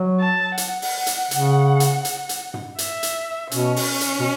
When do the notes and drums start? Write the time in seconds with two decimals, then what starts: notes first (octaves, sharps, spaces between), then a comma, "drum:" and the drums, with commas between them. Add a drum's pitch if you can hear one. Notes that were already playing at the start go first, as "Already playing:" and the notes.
Already playing: F#3
0.20 A5
0.58 F#5, drum: hi-hat
0.82 drum: open hi-hat
1.07 drum: hi-hat
1.31 C#3, drum: hi-hat
1.80 drum: hi-hat
2.05 drum: hi-hat
2.29 drum: hi-hat
2.54 drum: tom
2.78 E5, drum: hi-hat
3.03 drum: hi-hat
3.51 B2 C#4, drum: hi-hat
3.76 drum: open hi-hat
4.01 drum: hi-hat
4.20 B2